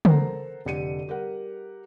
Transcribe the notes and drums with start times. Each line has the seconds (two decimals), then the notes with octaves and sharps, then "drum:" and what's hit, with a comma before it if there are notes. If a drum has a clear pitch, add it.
0.05 A4 A#4 C5 F#5 A#5, drum: tom
0.65 F1 D3 G4 C#7 D#7
1.08 G3 G4 A#4 F#5